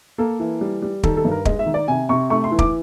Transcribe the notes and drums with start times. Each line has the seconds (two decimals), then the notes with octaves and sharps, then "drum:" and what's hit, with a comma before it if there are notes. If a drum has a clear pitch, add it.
0.18 A#3 A4
0.40 E3
0.61 G3
0.82 G3
1.03 D#3 A4, drum: kick
1.17 A4
1.25 G2
1.31 A#4
1.45 G#3 D#5, drum: kick
1.59 E5
1.66 D#3
1.74 D5
1.88 C3 G#5
2.09 C3 C#6
2.30 A3 C#6
2.44 C6
2.51 E3
2.59 D6, drum: kick